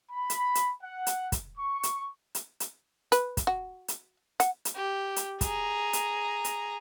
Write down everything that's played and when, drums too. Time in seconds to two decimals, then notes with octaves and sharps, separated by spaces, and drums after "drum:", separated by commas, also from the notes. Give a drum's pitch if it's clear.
0.11 B5
0.30 drum: hi-hat
0.55 drum: hi-hat
0.82 F#5
1.07 drum: hi-hat
1.32 drum: kick, hi-hat
1.58 C#6
1.83 drum: hi-hat
2.35 drum: hi-hat
2.60 drum: hi-hat
3.12 B4, drum: hi-hat
3.37 drum: kick, hi-hat
3.47 F#4
3.88 drum: hi-hat
4.40 F#5, drum: hi-hat
4.65 drum: hi-hat
4.75 G4
5.16 drum: hi-hat
5.41 G#4 A#5, drum: kick, hi-hat
5.93 drum: hi-hat
6.44 drum: hi-hat